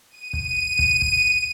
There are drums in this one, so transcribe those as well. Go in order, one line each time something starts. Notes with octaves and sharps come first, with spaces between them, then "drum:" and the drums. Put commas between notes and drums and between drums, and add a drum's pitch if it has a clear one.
D#7
drum: kick
drum: kick
drum: kick